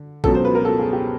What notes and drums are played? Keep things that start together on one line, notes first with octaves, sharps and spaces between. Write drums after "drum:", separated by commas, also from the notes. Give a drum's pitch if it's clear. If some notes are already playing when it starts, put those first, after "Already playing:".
Already playing: D3
C#2 B2 F#3 A4, drum: kick A1
C5
B4
A#4
A4
G#4
G4